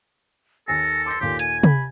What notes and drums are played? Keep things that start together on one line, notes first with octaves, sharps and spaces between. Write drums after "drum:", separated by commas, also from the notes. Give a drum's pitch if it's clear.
D#2 A4 G#5 A#6
C6 D6 G6 A#6
D#2 A#2 G4 A4
G#5 D#7, drum: hi-hat
B5, drum: tom